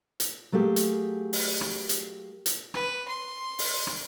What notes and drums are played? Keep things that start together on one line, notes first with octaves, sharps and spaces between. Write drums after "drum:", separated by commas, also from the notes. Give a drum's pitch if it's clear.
drum: hi-hat
F#3 A3 A#3 G4 G#4
drum: hi-hat
drum: open hi-hat
drum: rim click
drum: hi-hat
drum: hi-hat
B4, drum: rim click
C6
drum: open hi-hat
drum: rim click